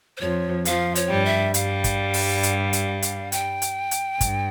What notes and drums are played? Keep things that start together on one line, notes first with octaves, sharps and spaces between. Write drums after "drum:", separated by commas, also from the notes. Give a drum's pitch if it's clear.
C5
F2 F3 C#5
F2 F3 F5, drum: hi-hat
C#5, drum: hi-hat
G2 G3
E5
G2 G3 F5, drum: hi-hat
drum: kick, hi-hat
drum: open hi-hat
drum: hi-hat
drum: hi-hat
drum: hi-hat
G5, drum: hi-hat
drum: hi-hat
drum: hi-hat
G2, drum: kick, hi-hat